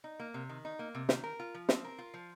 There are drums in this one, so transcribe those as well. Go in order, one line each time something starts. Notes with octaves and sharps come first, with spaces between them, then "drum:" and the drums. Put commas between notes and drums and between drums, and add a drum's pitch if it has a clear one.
D#4
A#3
C3
D#3
D#4
A#3
C3
D#3, drum: snare
A#4
F4
F3
C4, drum: snare
A#4
F4
F3